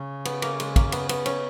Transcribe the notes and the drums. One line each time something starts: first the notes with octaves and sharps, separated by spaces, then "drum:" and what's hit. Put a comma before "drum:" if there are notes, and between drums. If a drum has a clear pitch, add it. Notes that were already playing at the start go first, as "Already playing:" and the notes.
Already playing: C#3
B3, drum: cymbal
A#3, drum: cymbal
G#3, drum: cymbal
A#3, drum: kick, cymbal
B3, drum: cymbal
B3, drum: cymbal
C#4, drum: cymbal